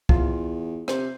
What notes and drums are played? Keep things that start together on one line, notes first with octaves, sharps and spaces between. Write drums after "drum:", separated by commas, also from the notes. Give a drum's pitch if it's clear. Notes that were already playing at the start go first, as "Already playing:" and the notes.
E2 F4, drum: kick
C3 C5, drum: rim click